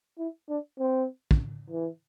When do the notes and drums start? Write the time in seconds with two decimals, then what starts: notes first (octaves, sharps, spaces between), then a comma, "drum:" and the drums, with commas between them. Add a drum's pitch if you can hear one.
0.18 E4
0.49 D4
0.79 C4
1.31 drum: kick
1.70 E3